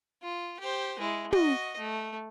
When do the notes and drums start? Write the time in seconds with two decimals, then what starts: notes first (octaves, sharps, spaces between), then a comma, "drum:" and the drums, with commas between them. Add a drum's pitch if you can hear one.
0.22 F4
0.59 G4 C5
0.99 G#3 E4
1.33 F#4 D#5, drum: tom
1.78 A3